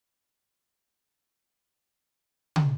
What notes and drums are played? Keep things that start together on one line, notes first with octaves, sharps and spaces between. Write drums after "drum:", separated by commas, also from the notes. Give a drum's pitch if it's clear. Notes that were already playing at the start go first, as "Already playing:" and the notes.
D4 G4 A4 D5
C#3 F3 D#6
C#3 G#4
C#3 G3
drum: tom